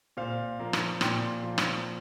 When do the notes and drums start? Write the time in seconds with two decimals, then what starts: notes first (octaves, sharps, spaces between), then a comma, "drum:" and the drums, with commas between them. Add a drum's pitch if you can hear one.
0.17 A#2 C5 F5
0.59 F3 A#3
0.73 drum: rim click
1.01 A#2 G5 C6, drum: rim click
1.43 F3 A#3
1.58 drum: rim click